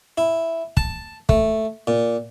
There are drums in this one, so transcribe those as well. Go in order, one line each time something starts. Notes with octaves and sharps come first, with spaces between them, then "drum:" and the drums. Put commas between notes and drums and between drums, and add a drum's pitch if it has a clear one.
E4
A5, drum: kick
A3, drum: kick
A#2